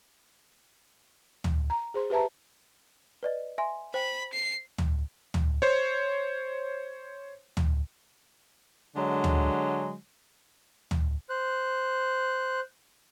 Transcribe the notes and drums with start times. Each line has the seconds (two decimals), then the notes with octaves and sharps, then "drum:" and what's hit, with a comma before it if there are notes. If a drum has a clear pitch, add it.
1.44 drum: tom
1.70 A#5
1.94 G#4 C5 C6
2.10 G4 B4 E5 A5 A#5
3.23 B4 D5 D#5
3.58 E5 G#5 C6
3.94 C5 G5 B5
4.33 C7
4.78 drum: tom
5.34 drum: tom
5.62 C5 C#5
7.57 drum: tom
8.96 D3 F#3 G#3
9.24 drum: tom
10.91 drum: tom
11.30 C5 F#6